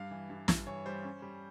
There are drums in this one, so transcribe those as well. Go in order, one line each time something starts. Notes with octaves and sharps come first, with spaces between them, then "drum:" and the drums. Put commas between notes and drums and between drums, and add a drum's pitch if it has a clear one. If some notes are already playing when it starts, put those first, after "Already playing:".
Already playing: G2 F5
E3
G2
G2, drum: snare
E3 C#5
G3 C5
C#4
G3